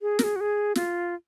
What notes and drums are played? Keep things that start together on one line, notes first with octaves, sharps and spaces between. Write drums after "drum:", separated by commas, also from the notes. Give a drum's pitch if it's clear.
G#4
A#4, drum: snare
G#4
F#4
G#4
F4, drum: snare